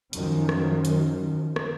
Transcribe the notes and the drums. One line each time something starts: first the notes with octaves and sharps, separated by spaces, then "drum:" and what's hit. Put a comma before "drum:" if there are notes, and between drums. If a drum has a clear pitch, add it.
F#2 D#3 F3, drum: hi-hat
drum: rim click
drum: hi-hat
drum: rim click